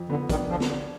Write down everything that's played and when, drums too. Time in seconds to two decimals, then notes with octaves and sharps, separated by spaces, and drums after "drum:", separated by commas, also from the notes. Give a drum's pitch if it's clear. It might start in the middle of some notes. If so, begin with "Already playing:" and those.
Already playing: F2
0.09 D3 B3
0.30 D#3 D4, drum: kick, hi-hat
0.50 D3 F3
0.60 drum: snare
0.70 D4